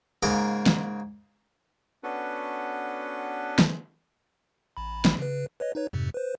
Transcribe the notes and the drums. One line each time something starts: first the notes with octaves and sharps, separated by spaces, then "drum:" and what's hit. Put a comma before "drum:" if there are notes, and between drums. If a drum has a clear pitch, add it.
G#2 C#3 A#3 A#4 A#5 D6
drum: snare
B3 C#4 D4 F#4 A4 B4
drum: snare
A1 B5
drum: snare
C#3 B4
B4 C#5 D#5
D#4 B4 C#5
F2 G#2 C3
B4 C5